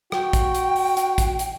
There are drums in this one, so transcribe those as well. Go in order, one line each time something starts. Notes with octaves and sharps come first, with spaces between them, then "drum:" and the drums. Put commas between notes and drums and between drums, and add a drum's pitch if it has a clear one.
F#4 G5, drum: rim click
drum: kick, hi-hat
drum: hi-hat
drum: open hi-hat
drum: hi-hat
drum: kick, hi-hat
drum: hi-hat